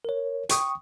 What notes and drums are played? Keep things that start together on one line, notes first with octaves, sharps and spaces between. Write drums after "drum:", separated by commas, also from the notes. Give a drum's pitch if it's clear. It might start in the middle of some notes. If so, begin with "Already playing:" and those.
A#4 C#5
G5 C#6 D#6, drum: hi-hat